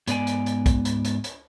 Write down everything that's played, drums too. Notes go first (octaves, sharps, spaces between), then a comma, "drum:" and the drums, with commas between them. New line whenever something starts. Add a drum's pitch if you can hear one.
G#2 B3 D5 G#5, drum: hi-hat
drum: hi-hat
drum: hi-hat
drum: kick, hi-hat
drum: hi-hat
drum: hi-hat
drum: hi-hat